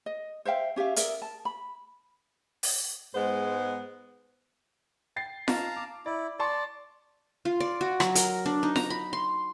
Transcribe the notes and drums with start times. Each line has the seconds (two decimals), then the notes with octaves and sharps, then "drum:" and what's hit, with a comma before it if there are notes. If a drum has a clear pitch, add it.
0.06 D#5
0.45 C5 E5 F5 G5
0.76 C#4 G4 E5 F5
0.96 G#4 A#4 D5 E5, drum: hi-hat
1.22 A5
1.45 B5
2.63 drum: open hi-hat
3.15 G#2 G#3 B3 C5
5.16 G5 A6 C7
5.48 D#4 F5 A5 A#5, drum: snare F4
5.76 D6
6.06 E4 D5
6.39 D5 A5 C6 C#6
7.45 F4
7.60 D5
7.81 F#4
8.00 F#3, drum: rim click
8.15 A#4, drum: hi-hat
8.46 D4
8.63 D#4
8.76 A#5, drum: snare F4
8.90 B5
9.13 C6